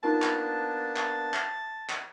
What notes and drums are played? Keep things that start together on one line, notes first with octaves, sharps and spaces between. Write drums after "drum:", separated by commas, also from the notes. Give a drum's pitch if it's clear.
A#3 B3 D4 D#4 F4 A#4 A5
drum: clap
drum: clap
drum: clap
drum: clap